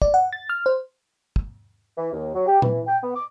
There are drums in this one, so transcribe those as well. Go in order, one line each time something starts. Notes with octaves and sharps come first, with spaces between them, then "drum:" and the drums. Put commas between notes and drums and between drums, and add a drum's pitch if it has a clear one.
D5, drum: kick
F#5
A6
F6
C5
drum: kick
E3
D#2
F#3
G4
E3, drum: tom A#2
G5
B3
D6